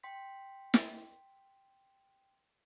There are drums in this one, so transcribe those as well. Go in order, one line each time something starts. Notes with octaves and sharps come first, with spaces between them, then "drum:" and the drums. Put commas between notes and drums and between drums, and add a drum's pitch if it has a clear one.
G5 C6 B6
drum: snare